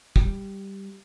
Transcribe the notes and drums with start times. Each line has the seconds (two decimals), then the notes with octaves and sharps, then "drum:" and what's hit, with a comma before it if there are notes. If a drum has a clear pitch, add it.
0.16 G3, drum: kick